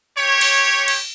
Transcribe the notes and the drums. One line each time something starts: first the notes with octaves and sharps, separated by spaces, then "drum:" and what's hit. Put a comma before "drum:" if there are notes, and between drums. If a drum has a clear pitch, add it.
G4 C#5
drum: cymbal
drum: cymbal